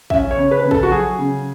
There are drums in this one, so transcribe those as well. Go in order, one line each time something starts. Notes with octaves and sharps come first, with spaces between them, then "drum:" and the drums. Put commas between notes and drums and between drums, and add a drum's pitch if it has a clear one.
C#4 E5, drum: kick
C#5
C#3
B4
C#3
A4, drum: kick
F#4
F#3 G#4
C#3